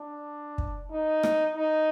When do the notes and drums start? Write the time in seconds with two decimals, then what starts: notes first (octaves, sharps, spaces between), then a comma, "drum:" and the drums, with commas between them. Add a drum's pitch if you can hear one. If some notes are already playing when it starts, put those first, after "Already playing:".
Already playing: D4
0.58 drum: kick
0.91 D#4
1.23 drum: rim click
1.55 D#4